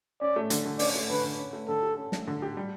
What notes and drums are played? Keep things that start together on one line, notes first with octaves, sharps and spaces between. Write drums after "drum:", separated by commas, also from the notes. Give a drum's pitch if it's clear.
C#4 D5
A3
D3, drum: hi-hat
D3
C#4 D5, drum: open hi-hat
A3
D3 B4
D3
C#4
A3
D3 A4
G4
C#4
A3, drum: snare
D3
G4
G3